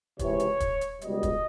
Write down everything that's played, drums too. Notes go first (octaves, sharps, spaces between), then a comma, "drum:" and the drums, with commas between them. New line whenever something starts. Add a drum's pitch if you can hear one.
C#2 C3 E3 C#5, drum: kick, hi-hat
drum: hi-hat
drum: kick, hi-hat
drum: hi-hat
C#2 B2 G3 D#5, drum: hi-hat
drum: kick, hi-hat